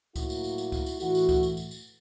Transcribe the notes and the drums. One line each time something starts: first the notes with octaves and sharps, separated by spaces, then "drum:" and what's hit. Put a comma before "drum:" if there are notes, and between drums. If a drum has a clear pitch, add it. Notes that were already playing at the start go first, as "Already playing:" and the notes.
A2 F#3 A#3 E4 F#4, drum: kick C#2, tambourine
drum: tambourine
drum: tambourine
drum: tambourine
drum: kick C#2, tambourine
drum: tambourine
A2 E3 A3 E4 F#4, drum: tambourine
drum: tambourine
drum: kick C#2, tambourine
drum: tambourine
drum: tambourine
drum: tambourine